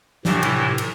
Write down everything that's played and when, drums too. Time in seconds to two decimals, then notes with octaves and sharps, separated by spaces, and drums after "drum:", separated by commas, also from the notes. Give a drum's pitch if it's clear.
0.25 A2 C3 E3, drum: snare
0.43 drum: cymbal
0.78 drum: cymbal